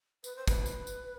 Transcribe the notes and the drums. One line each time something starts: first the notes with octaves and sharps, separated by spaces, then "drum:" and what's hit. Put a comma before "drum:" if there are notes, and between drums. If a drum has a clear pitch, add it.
B4, drum: tambourine
C5
B4, drum: kick, tambourine
drum: tambourine
drum: tambourine